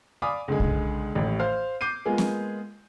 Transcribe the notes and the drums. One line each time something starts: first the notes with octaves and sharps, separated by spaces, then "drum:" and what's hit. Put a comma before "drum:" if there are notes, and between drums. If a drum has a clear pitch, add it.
D5 F5 G#5 B5 D6 D#6
C#2 D3 G#3
drum: kick
A1 D#2 A2 C#5
C5 F5 F6
D6 G6 C7 D#7
G#3 A#3 B3 F4 G#4
drum: snare C4